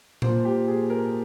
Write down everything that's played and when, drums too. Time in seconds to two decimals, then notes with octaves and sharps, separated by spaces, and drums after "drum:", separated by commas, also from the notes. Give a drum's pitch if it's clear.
0.22 A#2 F3 C5, drum: tom A#2
0.45 G4
0.68 G#4
0.90 A#4